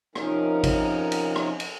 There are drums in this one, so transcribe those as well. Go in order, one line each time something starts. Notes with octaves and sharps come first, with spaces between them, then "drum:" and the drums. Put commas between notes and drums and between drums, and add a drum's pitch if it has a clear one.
C3 D#3 F3 C#4 D#4 A#4, drum: rim click
drum: kick, cymbal
drum: cymbal
drum: rim click
drum: cymbal